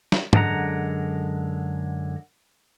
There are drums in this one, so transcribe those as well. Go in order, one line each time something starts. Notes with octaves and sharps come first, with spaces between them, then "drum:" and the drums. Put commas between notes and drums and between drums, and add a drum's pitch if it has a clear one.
drum: snare
F#2 D3 G#3 C#4 F#5 A#5, drum: tom G#2